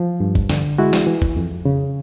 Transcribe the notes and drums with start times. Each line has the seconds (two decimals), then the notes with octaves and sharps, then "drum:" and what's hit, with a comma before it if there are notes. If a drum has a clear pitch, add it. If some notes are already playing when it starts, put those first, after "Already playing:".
Already playing: F3
0.20 G2
0.35 drum: kick
0.50 D3, drum: snare
0.78 G#3 E4 F#4
0.93 drum: snare
1.07 E3
1.22 drum: kick
1.36 F2
1.65 C#3